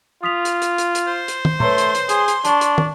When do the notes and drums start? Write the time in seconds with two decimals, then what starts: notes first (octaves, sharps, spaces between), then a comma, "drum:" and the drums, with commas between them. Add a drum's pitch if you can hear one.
0.23 F4 D#6 B6 F7
0.45 drum: hi-hat
0.62 drum: hi-hat
0.78 drum: hi-hat
0.95 drum: hi-hat
1.07 C5
1.28 drum: hi-hat
1.45 drum: tom
1.60 A3 B4 C#5 A#5 C6, drum: tom A#2
1.78 drum: hi-hat
1.95 drum: hi-hat
2.09 G#4 C6, drum: hi-hat
2.28 drum: hi-hat
2.45 D4 A5 C#6, drum: hi-hat
2.61 drum: hi-hat
2.78 drum: tom